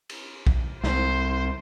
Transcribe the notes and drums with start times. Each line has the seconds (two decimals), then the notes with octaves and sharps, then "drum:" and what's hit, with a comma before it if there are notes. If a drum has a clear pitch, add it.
0.09 drum: cymbal
0.47 drum: kick
0.84 C2 C5, drum: snare